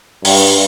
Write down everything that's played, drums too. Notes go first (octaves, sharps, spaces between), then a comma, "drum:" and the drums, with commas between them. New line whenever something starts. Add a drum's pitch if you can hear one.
G2, drum: open hi-hat